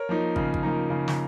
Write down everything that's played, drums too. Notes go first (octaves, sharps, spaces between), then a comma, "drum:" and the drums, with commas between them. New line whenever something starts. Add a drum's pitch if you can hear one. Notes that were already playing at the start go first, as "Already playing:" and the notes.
Already playing: A#4 C#5
F3 A#3 D#4
C#3, drum: kick
drum: kick
F3 A#3 D#4
C#3
drum: snare